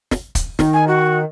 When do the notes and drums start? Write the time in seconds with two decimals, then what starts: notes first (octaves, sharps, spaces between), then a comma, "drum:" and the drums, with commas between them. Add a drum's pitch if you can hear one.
0.11 drum: snare
0.35 drum: kick, hi-hat
0.59 D#3, drum: snare
0.73 G#5
0.87 F#4